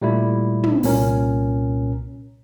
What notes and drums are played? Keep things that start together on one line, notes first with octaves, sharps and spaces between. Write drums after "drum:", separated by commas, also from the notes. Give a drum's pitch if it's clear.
A#2 G3 A3 E4
drum: tom
C2 A#2 C#4 A#4, drum: open hi-hat